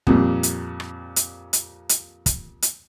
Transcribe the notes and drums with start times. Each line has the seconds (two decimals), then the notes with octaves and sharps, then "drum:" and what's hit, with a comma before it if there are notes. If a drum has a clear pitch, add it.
0.07 F2 A#2 G3, drum: kick
0.43 drum: hi-hat
0.80 drum: rim click
1.16 drum: hi-hat
1.53 drum: hi-hat
1.89 drum: hi-hat
2.26 drum: kick, hi-hat
2.62 drum: hi-hat